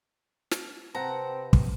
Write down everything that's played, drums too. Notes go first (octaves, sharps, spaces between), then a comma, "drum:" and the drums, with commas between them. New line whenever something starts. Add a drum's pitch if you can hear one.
drum: snare
C3 C4 B4 F#5 A5 A#5
drum: kick